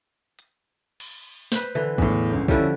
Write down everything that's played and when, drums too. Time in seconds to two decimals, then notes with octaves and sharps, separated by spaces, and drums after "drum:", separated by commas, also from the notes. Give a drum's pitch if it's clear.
0.39 drum: hi-hat
1.00 drum: cymbal
1.52 B4 C5, drum: snare
1.75 D3 E3
1.98 E2 A2, drum: kick
2.30 G1 C#2
2.48 D3 F3 G3 C#4 E4, drum: kick